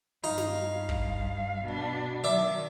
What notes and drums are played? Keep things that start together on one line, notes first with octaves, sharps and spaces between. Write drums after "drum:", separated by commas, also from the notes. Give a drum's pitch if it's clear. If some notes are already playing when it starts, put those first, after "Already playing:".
G2 D#4 F5, drum: open hi-hat
drum: snare
drum: kick
B2 D4
D#3 F#3 D5 E5